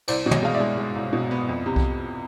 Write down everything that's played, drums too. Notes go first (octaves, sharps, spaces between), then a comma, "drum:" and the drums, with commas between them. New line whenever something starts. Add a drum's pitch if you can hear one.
C2 C5 D5, drum: cymbal
B2
C#5 D#5, drum: tom
G#3 F5
D5 E5
G#3
G#3
C2
B2
B3
F2
C3
drum: kick C2